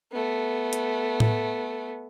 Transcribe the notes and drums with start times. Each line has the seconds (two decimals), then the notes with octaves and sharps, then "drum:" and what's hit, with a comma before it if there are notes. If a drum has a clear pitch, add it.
0.12 A3 B3
0.73 drum: hi-hat
1.20 drum: tom A2